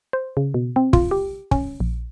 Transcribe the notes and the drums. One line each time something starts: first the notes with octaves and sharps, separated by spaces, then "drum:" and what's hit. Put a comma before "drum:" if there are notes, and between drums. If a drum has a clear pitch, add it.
C5
C#3
B2
C4
F4, drum: kick
G4
C#4, drum: kick
A#1